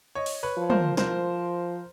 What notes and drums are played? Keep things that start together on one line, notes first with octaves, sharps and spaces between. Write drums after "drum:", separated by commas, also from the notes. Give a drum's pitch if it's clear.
C#5 D#5
drum: open hi-hat
B4 C#5
F3
A#4 C5, drum: tom
F3 A#4 C5, drum: snare